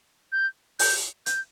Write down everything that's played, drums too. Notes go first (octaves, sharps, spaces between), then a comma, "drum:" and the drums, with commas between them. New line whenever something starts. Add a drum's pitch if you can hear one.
G6
G6, drum: open hi-hat
G6, drum: hi-hat